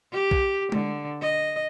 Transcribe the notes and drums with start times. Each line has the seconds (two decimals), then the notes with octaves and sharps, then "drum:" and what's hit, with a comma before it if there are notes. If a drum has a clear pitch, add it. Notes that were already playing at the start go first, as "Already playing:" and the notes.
0.13 G4
0.31 drum: kick
0.72 D3, drum: tom G#3
1.21 D#5